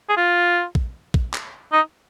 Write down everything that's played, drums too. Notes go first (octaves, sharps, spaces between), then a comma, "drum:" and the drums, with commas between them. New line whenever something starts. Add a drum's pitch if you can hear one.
G#4
F4
drum: kick A#1
drum: kick A#1
drum: clap
D#4